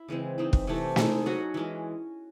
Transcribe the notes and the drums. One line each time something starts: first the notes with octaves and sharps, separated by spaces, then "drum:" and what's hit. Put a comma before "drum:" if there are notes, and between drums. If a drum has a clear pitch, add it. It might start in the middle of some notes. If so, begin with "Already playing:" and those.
Already playing: E4
C#3 E3 G#3 C4
E3 C4 D#4
drum: kick
C3 E3 A3
G#3 D#4 A4, drum: snare
F#3 C#4 F#4
E3 G#3 C#4